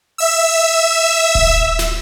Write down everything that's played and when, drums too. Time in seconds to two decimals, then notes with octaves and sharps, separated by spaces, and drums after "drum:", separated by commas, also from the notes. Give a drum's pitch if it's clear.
0.18 E5 E6
1.35 drum: kick D#1
1.79 drum: snare